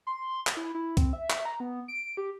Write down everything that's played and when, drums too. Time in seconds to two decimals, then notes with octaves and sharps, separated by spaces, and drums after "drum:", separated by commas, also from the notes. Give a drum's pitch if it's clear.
0.07 C6
0.47 drum: clap
0.57 E4
0.74 E4
0.97 C4, drum: kick C2, hi-hat
1.13 E5
1.30 drum: clap
1.45 A#5
1.60 B3
1.88 D7
2.17 G4